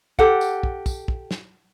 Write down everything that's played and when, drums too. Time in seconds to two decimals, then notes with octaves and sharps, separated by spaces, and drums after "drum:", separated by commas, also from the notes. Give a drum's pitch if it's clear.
0.19 G4 A4 F#5, drum: kick
0.41 drum: tambourine
0.63 drum: kick
0.86 drum: kick, tambourine
1.08 drum: kick
1.31 drum: snare